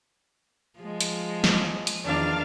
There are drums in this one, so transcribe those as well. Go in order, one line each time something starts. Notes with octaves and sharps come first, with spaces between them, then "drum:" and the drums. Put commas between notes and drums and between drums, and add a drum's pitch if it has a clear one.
F3 G#3
drum: hi-hat
drum: snare
drum: hi-hat
E2 D#3 F3 D4 F5